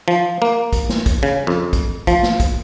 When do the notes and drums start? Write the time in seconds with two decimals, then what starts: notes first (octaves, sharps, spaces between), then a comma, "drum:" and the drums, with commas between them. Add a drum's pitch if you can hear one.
0.08 F3
0.42 A#3
0.73 drum: kick, hi-hat
0.89 drum: snare
1.06 drum: kick, hi-hat
1.23 C#3
1.47 F2
1.73 drum: kick, hi-hat
2.07 F3, drum: kick, hi-hat
2.23 drum: snare
2.40 drum: kick, hi-hat